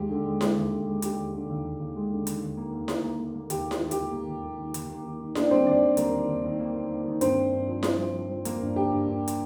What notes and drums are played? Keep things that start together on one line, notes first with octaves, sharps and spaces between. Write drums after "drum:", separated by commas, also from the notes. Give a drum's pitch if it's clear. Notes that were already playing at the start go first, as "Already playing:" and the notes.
Already playing: D#2 G#3 G4
D3
G#3
G#3, drum: snare E4
D#2
D3
G#3
D3 G4, drum: hi-hat
D#2
D3
D#2
D#2
D#2
G#3
D3
D#3, drum: hi-hat
D#2
A#3
D#2
A#3, drum: snare E4
A#3
A#3
A#3
D#2 G4, drum: hi-hat
D#2
F4, drum: snare E4
D#3
G4, drum: hi-hat
A#3
A#3
D#2
A#3
D#3
D#2, drum: hi-hat
A#3
D#3
D#3
A#3 D4 D5, drum: snare E4
G3 C4 C5
D#2 D4 D5
G3
D#2 A#3 A#4, drum: hi-hat
D#3
D#2
D#3
A#3
A#3
A#3
D#3
G2 C4 C5, drum: hi-hat
G2
G2
F3
F3, drum: snare E4
F3
F3
F3
A#3 A#4, drum: hi-hat
G2
G2 G4
G2
G2
drum: hi-hat